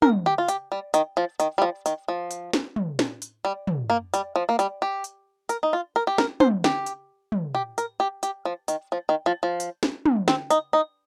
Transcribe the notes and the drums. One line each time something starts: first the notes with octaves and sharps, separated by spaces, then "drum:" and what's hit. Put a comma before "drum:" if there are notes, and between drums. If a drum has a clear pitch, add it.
A#4, drum: tom
G4
F4
G4, drum: hi-hat
G3
D#3, drum: hi-hat
F3
D#3, drum: hi-hat
G3
F3
D#3, drum: hi-hat
F3
drum: hi-hat
drum: snare
drum: tom
drum: snare
drum: hi-hat
G3
drum: tom
A#3
G3, drum: hi-hat
F3
A#3
G3, drum: hi-hat
G4
drum: hi-hat
A#4, drum: hi-hat
D#4
F4
A#4
G4
A#4, drum: snare
C5, drum: tom
G4, drum: snare
drum: hi-hat
drum: tom
G4
A#4, drum: hi-hat
G4
G4, drum: hi-hat
F3
D#3, drum: hi-hat
F3
D#3
F3
F3
drum: hi-hat
drum: snare
drum: tom
C4, drum: snare
D#4, drum: hi-hat
D#4